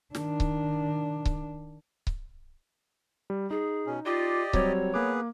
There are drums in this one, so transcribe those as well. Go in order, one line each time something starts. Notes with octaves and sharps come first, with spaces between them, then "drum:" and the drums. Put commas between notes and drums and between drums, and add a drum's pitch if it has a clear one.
D#3 D4, drum: snare
drum: kick C#1
drum: kick C#1
drum: kick C#1
G3
D#4 G#4
B2 C#4
F4 G4 D5 D#5
F#3 G3 C4 C#5, drum: kick C#1
A#3 B3 G#4 B4 D6